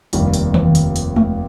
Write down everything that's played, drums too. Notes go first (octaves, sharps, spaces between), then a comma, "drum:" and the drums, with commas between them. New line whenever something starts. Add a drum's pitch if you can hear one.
F1 D#2 D#3 G3, drum: hi-hat
drum: hi-hat
drum: tom D#3
drum: hi-hat
drum: hi-hat
drum: tom G#3